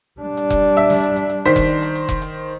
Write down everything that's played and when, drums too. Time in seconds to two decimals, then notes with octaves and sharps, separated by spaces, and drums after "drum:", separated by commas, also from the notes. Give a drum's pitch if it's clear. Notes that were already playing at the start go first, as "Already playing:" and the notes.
0.21 G3 D4
0.37 drum: hi-hat
0.50 drum: kick F1, hi-hat
0.77 E5, drum: hi-hat
0.90 drum: snare
1.03 drum: hi-hat
1.16 drum: hi-hat
1.30 drum: hi-hat
1.45 D#3 C5 B6, drum: hi-hat
1.56 drum: kick F1, hi-hat
1.69 drum: hi-hat
1.82 drum: hi-hat
1.95 drum: hi-hat
2.09 drum: kick F1, hi-hat
2.22 drum: hi-hat